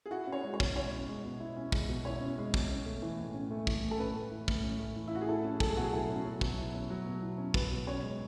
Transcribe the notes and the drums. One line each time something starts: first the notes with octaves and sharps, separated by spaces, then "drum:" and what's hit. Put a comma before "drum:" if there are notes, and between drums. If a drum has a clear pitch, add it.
G#4
E4 F#4
C#4
C#5
G#3
C#5
B2, drum: kick
E4 C#5
C#4
G#3
B2
E4
C#4
G#3, drum: kick
B2
E4 C#5
C#4
G#3
B2, drum: kick
C#4
A3
E3
A2
C#4
A3
E3, drum: kick
A2
A4
C#4 B4
A3
E3
A2, drum: kick
C#4
A3
E3
E4
A2 F#4
G#4
E4 A4
C#4
F#3 A4, drum: kick
G#4
B2 F#4
G#4
E4 A4
C#4
F#3
B2, drum: kick
E4
C#4
F#3
B2
E4
C#4
F#3 B4, drum: kick
B2
C#4 C#5
G#3